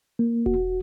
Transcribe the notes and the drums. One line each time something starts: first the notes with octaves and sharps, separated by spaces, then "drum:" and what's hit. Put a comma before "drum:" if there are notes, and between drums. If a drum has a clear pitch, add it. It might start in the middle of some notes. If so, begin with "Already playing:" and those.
A#3
F#4, drum: kick E1